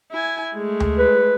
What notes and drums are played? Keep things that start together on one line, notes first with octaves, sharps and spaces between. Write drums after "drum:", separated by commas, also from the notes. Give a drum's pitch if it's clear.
E4 G#5
G#3 A3
drum: tom D2
B4